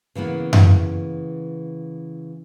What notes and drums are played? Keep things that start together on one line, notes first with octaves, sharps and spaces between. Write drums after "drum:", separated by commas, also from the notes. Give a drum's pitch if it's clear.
C#3 E3 A#3 B3
drum: tom F#2